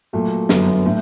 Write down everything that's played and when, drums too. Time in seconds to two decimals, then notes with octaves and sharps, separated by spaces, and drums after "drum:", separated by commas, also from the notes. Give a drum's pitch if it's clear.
0.13 A#2 F#3 A3
0.49 G1 F#2 D3 F#3 B3, drum: snare
0.86 A2